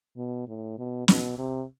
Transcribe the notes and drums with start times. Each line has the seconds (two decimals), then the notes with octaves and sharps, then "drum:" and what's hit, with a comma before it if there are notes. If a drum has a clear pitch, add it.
0.17 B2
0.48 A2
0.78 B2
1.08 B2, drum: snare
1.38 C3